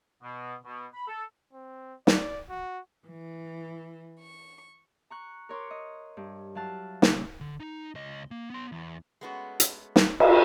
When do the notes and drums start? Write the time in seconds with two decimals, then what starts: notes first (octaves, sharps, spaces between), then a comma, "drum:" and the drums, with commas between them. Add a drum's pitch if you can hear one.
0.23 B2
0.65 B2
0.94 B5
1.08 A4
1.53 C4
2.07 D5, drum: snare
2.50 F#4
3.06 E3
4.20 C#6
5.10 A#5 C#6 F#6
5.49 A#4 C#5 C6 D6
5.71 D#5
6.17 G2
6.55 F#3 E4 F5 A5 F#6
7.02 A#2 C#3 G3 C#4, drum: snare
7.40 D3
7.60 D#4
7.95 C#2 D#5
8.31 A#3
8.50 B3 C6
8.72 E2
9.21 G#3 A3 B3 C#4 F#4
9.60 drum: hi-hat
9.96 drum: snare
10.20 drum: cymbal